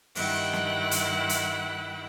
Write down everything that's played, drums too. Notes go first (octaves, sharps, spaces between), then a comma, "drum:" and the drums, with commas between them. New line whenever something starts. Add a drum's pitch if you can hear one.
G2 D#3 E4 F#5 G5 F#6, drum: open hi-hat
drum: snare
drum: hi-hat
drum: hi-hat